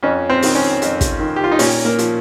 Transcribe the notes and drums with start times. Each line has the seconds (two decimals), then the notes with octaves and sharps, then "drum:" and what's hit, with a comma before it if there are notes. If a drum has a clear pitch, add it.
0.03 F2 C#4
0.30 C4
0.42 D#3, drum: open hi-hat
0.55 C#4
0.82 F2, drum: hi-hat
1.01 drum: kick, hi-hat
1.20 D#3
1.36 G4
1.44 F4
1.52 D#4
1.59 A#2 C#4, drum: open hi-hat
1.85 A#3
1.98 F3, drum: hi-hat